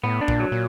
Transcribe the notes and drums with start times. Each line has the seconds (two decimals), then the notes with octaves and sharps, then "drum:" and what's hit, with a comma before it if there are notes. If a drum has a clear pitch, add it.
0.03 A2 B3
0.21 D4
0.28 A#2, drum: kick
0.40 F#3
0.52 A#2